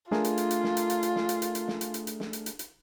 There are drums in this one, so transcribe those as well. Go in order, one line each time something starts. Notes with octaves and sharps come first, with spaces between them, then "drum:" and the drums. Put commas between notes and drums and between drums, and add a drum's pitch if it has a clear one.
A3 D4 F4 G#4 A#4, drum: snare
drum: hi-hat
drum: hi-hat
drum: hi-hat
drum: snare
drum: hi-hat
drum: hi-hat
drum: hi-hat
drum: snare
drum: hi-hat
drum: hi-hat
drum: hi-hat
drum: snare
drum: hi-hat
drum: hi-hat
drum: hi-hat
drum: snare
drum: hi-hat
drum: hi-hat
drum: hi-hat